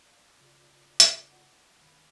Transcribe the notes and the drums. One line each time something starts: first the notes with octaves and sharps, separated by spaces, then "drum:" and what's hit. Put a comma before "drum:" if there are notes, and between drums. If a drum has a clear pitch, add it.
C#5 D5 F5 A5
D6
C#3 F4 D5
drum: hi-hat
E4 F#5
E5 F5
D#3 F5 B5